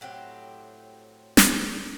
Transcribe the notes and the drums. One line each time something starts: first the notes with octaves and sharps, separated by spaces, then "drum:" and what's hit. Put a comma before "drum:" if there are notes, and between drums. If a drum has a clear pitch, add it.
A2 F#3 C4 G4
drum: snare